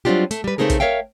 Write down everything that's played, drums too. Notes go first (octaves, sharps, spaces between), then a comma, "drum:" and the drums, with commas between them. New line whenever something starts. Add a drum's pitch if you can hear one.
F#3 G3 C4 D4 F4 G4
A3, drum: hi-hat
G3 B4
C#3 A3 C4 D#4 G#4 A#4
drum: kick, hi-hat
A#4 C#5 E5 F5 G5